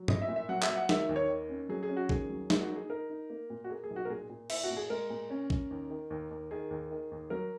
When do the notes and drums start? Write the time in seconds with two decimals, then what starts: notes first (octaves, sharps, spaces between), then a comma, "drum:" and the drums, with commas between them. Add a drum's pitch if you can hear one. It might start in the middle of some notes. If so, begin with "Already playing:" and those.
Already playing: F#3
0.08 E4 D#5, drum: tom G2
0.22 E5
0.28 A#2
0.36 E5
0.49 F#3 F#5
0.63 E5, drum: clap
0.68 F#3
0.76 F#5
0.89 D#3 E5, drum: snare
1.09 D#2
1.16 C#5
1.29 D#3
1.49 C#4
1.69 F#3 G#4
1.83 G#4
1.89 C#4
1.97 F#4
2.09 D#2 G#4, drum: kick A#1
2.29 F#3
2.50 A#3, drum: snare
2.62 F#4
2.69 D#4
2.75 G#4
2.90 D#4 A#4
3.10 D#4
3.30 A#3
3.50 A#2
3.64 F#4
3.70 A#3 G#4
3.84 G#4
3.90 B1
3.96 F#4
4.05 A#4
4.09 A#2 G#4
4.30 A#2
4.50 E4 E5, drum: cymbal
4.64 F#4
4.70 A#2
4.77 G#4
4.90 G#3 A#4
5.10 A#2
5.30 C#4
5.50 C#4, drum: kick A#1
5.70 D#2
5.90 D#3
6.10 D#2
6.31 D#2
6.51 D#3 G#4
6.71 D#2
6.91 D#3
7.11 D#2
7.30 F#3 A#4